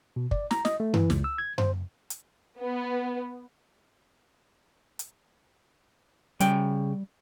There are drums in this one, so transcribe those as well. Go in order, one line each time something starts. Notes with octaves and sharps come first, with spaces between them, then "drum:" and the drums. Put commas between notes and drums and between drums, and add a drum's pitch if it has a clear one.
B2
D5, drum: kick
A#5, drum: snare
D#5, drum: snare
A3
E3, drum: tom F#2
C#2, drum: snare
E6
G#6
C5, drum: tom F#2
drum: hi-hat
B3
drum: hi-hat
C#3 G3 G5, drum: hi-hat